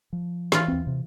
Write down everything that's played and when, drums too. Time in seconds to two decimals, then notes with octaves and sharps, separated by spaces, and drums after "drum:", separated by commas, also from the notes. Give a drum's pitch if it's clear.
0.13 F3
0.52 E3 F4, drum: snare
0.68 D#2 C4
0.87 C3